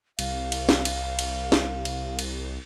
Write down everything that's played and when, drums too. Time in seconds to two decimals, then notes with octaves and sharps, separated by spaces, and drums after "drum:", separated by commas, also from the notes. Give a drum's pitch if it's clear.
0.19 C2 F5, drum: cymbal
0.52 drum: cymbal
0.69 drum: snare
0.85 drum: cymbal
1.19 drum: cymbal
1.52 drum: snare
1.85 drum: cymbal
2.19 drum: cymbal